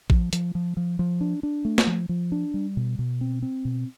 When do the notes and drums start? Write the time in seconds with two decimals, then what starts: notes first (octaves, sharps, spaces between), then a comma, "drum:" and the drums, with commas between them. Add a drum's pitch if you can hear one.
0.10 F3, drum: kick A1
0.33 F3, drum: hi-hat
0.55 F3
0.77 F3
0.99 F3
1.21 D4
1.43 D4
1.65 A3
1.78 drum: snare
1.87 F3
2.09 F3
2.32 D4
2.54 G3
2.77 B2
2.99 B2
3.21 C4
3.42 C4
3.65 B2